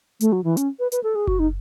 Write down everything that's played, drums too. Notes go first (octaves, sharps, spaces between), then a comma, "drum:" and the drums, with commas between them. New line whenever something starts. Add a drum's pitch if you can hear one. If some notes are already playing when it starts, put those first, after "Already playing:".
A3, drum: hi-hat
F#3
E3
C#4, drum: hi-hat
B4
B4, drum: hi-hat
A4
G#4
F#4, drum: kick F#1
D#4